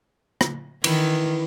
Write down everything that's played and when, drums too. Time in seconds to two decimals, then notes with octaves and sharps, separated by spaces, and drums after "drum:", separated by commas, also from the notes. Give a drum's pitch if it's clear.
0.41 drum: rim click
0.84 D#3 E3 E4, drum: cymbal